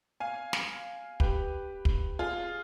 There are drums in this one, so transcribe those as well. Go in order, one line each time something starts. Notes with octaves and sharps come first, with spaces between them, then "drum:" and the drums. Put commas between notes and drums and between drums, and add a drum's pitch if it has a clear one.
F5 G#5
drum: snare
G4 B4, drum: kick
drum: kick
F4 G#4